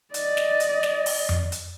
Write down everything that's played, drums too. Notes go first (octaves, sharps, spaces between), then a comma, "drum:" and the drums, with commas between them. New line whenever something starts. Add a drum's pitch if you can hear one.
D5 D#5, drum: hi-hat
drum: snare
drum: hi-hat
drum: snare
drum: open hi-hat
drum: tom F2
drum: hi-hat